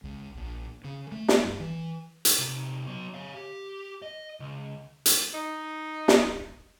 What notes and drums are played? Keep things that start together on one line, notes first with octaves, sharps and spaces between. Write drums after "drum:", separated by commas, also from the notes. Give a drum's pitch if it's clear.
C#2
A#1
C#3
A3
drum: snare
G2
E3
drum: hi-hat
C3 D#4
F#3 B3
C#5 F5
G4
D#5
C#2
drum: hi-hat
D#4
drum: snare